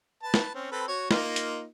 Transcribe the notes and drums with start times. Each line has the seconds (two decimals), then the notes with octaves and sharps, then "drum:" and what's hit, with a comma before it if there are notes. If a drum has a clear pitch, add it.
0.23 B4 A5
0.34 drum: snare
0.54 C4 C#4
0.72 C4 A4 B4
0.88 F#4 C#5
1.11 A#3 D#4 F4, drum: snare
1.36 drum: hi-hat